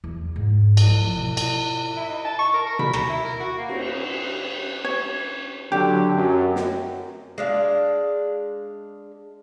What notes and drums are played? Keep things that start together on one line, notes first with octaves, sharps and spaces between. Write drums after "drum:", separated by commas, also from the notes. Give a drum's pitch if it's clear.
E2
G#2
drum: cymbal
F3
B2
drum: cymbal
E4
D#4
A5
C#6
A#4
A#4
B5, drum: tom B2
A#5, drum: rim click
E4
A#4
F#4
A#3
drum: cymbal
C#5
D3 F#3 G4
F#2
drum: snare
G#3 D4 F5